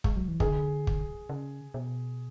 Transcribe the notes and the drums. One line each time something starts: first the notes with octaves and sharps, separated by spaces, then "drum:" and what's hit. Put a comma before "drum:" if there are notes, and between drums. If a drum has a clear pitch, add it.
G#3, drum: kick
F#3
E3
D3 G#4, drum: kick
drum: kick
C#3
B2